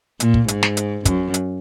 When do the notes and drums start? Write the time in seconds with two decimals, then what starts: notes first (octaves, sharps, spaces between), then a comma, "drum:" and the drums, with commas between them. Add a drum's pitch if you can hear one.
0.20 A#2, drum: hi-hat
0.34 drum: kick
0.48 G#2, drum: hi-hat
0.63 drum: snare
0.77 drum: hi-hat
1.05 F#2, drum: kick, hi-hat
1.34 drum: hi-hat